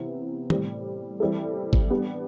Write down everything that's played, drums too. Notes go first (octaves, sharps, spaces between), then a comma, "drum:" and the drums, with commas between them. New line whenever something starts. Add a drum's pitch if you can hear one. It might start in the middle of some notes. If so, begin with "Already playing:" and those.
Already playing: C3 E3 B3 E4
A2 G3 C4 G4, drum: tom
E3 G3 C4 E4 A4
drum: kick
G3 B3 D4 G4